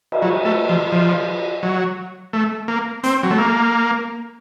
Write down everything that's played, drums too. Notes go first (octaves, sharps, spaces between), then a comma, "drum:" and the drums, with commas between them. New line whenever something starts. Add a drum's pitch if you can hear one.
drum: cymbal
F#3
A3
F3
F3
F#3
A3
A#3
C4, drum: hi-hat
F#3
A3
A#3